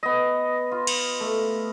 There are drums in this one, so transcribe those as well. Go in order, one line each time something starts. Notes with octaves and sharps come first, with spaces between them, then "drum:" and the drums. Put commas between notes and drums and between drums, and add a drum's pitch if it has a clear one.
B3 D#5
F4
drum: cymbal
A3